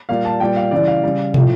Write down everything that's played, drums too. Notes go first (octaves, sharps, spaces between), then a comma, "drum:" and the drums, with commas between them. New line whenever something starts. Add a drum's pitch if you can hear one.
A#2 G3 F5
A5
A#2 G3 G5
F5
C#3 E3 G3 D5
F5
C#3 G3
A2 F3, drum: tom